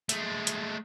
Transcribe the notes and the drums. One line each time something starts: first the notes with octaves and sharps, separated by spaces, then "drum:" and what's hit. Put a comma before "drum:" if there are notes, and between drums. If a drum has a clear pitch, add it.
G#3 A3, drum: hi-hat
drum: hi-hat